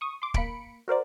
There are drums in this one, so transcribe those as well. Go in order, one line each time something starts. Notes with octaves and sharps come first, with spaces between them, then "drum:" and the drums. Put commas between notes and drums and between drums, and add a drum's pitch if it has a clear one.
C#6 D#6
C6 D6
A#3 B5 C#7 D7, drum: kick
F#4 A#4 C5 D5